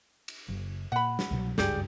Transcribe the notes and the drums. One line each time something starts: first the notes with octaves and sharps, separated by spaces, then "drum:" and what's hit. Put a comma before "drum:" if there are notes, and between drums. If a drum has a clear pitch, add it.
drum: cymbal
F#1
A#2 F#5 B5
drum: snare
C2 B2 F#3
F#1 C#2 G2 G4 G#4 D5, drum: snare